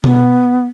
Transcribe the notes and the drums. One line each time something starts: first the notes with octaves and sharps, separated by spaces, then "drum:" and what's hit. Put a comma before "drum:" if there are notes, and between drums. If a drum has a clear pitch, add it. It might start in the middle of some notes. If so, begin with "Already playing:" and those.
B3, drum: tom B2